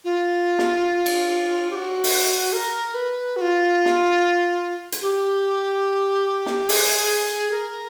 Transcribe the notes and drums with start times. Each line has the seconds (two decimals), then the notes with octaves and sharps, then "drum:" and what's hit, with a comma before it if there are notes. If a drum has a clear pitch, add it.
0.04 F4
0.59 drum: snare
1.06 drum: cymbal
1.71 G4
1.75 F#4
2.04 drum: open hi-hat
2.53 A#4
2.94 B4
3.36 F#4
3.41 F4
3.85 drum: snare
4.92 drum: hi-hat
5.02 G4
6.46 drum: snare
6.69 G#4, drum: open hi-hat
7.51 A#4